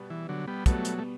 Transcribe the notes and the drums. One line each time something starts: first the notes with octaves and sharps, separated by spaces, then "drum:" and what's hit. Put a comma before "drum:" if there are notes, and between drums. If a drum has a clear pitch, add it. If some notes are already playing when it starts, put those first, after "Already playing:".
Already playing: B2 G3 B3
E3
D3 F#3
G3 B3
B2 F#3 G3 A3 B3, drum: kick, hi-hat
drum: hi-hat
A3